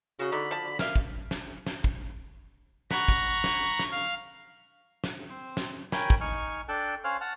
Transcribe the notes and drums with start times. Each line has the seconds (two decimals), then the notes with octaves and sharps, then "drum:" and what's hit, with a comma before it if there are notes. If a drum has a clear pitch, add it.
0.19 C#3 F#4 D#6
0.32 D3 D#4 B5
0.51 F3 A5
0.63 D3
0.79 A#3 E5 F5, drum: snare
0.96 drum: kick
1.31 drum: snare
1.67 drum: snare
1.84 drum: kick
2.91 F#5 A#5 B5 C#6, drum: snare
3.08 drum: kick
3.44 drum: snare
3.79 drum: snare
3.91 F5
5.04 drum: snare
5.30 C4 C5
5.57 drum: snare
5.92 A#4 C#5 G5 G#5 B5, drum: snare
6.10 drum: kick
6.21 D#4 G#5 C#6 F6
6.69 D4 A4 G5 A5 F#6
7.04 C#4 C5 C#5 F5 F6 F#6
7.21 F#5 A5 F6